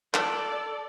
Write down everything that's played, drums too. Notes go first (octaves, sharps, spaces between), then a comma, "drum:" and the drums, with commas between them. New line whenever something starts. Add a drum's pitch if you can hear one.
A4 D5, drum: clap